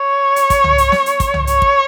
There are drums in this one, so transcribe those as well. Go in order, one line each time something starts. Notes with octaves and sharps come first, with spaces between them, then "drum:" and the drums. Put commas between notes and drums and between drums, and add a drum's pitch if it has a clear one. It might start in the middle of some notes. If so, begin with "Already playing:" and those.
Already playing: C#5
drum: hi-hat
drum: kick, hi-hat
drum: tom
drum: hi-hat
drum: snare
drum: hi-hat
drum: kick, hi-hat
drum: tom
C#5, drum: hi-hat
drum: kick